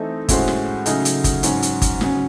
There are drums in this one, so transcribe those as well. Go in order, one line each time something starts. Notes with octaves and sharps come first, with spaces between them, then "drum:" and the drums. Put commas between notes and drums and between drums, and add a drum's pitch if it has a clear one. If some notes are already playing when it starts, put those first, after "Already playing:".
Already playing: E3 A3 C4 D#4 A4
A2 G#3 C#4 F#4 C5, drum: kick G1, hi-hat
drum: snare
C#3 F#3 A3 D#4 G#4, drum: hi-hat
drum: hi-hat
drum: kick G1, hi-hat
G#2 F#3 C#4, drum: hi-hat
drum: hi-hat
drum: kick G1, hi-hat
C#3 F#3 C#4, drum: snare